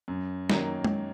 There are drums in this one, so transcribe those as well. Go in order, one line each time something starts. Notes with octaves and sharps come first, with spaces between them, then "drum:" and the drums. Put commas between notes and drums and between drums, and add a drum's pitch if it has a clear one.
F#2
D#3 F#3 A#3, drum: snare
drum: tom G#3